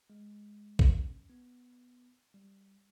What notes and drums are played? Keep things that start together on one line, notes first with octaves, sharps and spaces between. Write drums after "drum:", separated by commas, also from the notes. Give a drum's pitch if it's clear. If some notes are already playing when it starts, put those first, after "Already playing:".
G#3
C#4, drum: kick
B3
G3